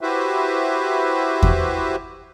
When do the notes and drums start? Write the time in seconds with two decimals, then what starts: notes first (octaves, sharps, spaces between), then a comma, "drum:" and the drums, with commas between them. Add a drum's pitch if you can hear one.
0.01 E4 F#4 G4 B4 C5 E5
1.43 drum: kick E2